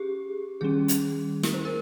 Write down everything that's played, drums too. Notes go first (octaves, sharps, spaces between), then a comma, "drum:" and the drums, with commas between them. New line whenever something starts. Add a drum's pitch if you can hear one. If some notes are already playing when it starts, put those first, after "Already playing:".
Already playing: C#4 G4 G#4
D#3 G3 C#4 G#4
drum: hi-hat
A#4, drum: snare
C5
A#4